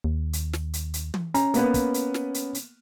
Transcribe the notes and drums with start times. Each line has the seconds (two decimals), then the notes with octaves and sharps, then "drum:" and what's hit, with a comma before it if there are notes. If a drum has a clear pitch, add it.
0.04 D#2
0.33 drum: hi-hat
0.53 drum: snare
0.73 drum: hi-hat
0.94 drum: hi-hat
1.14 drum: tom
1.34 C#4 A#5, drum: hi-hat
1.54 A#3 B3 B4, drum: hi-hat
1.74 drum: kick, hi-hat
1.94 drum: hi-hat
2.14 drum: snare
2.34 drum: hi-hat
2.55 drum: hi-hat